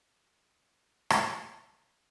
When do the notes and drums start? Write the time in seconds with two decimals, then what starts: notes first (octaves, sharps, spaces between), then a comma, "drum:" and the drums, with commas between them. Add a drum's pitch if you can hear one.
0.38 E3 G3 C4 F4
0.87 E3 A3 C#4
1.10 drum: rim click
1.34 E3 A3 C#4
1.82 A3 C#4 E4 G4 A#4